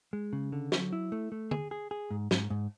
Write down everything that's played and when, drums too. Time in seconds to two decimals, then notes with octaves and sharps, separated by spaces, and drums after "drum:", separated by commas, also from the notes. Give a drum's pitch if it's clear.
0.13 G#3
0.33 C#3
0.52 D3
0.72 F#3, drum: snare
0.93 E4
1.12 A3
1.32 A3
1.51 G#4, drum: tom
1.71 G#4
1.91 G#4
2.11 G#2
2.31 G#2, drum: snare
2.50 G#2